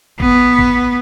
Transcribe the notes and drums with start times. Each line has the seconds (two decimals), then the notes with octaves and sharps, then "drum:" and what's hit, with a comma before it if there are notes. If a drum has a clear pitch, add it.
0.20 B3, drum: kick
0.59 drum: kick